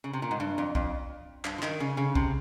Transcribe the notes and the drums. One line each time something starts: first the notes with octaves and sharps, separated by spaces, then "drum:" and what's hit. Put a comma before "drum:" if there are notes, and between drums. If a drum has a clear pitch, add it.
C#3
C3
A#2
G#2
G2
F2
F2, drum: kick B1
G2, drum: clap
F3
D#3, drum: clap
C#3
C#3
C3, drum: kick B1